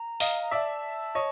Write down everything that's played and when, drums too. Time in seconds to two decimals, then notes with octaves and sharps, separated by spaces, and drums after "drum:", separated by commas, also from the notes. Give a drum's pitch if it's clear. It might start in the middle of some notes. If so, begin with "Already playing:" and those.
Already playing: A#5
0.20 D#5 F5, drum: open hi-hat
0.42 A#5
0.51 D5 E5 A5
1.15 C#5 D#5